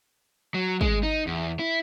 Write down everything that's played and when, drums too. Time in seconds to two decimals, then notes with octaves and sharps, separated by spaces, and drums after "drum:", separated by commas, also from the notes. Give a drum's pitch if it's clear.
0.54 F#3
0.81 G#3, drum: kick
1.03 D#4
1.27 E2
1.59 E4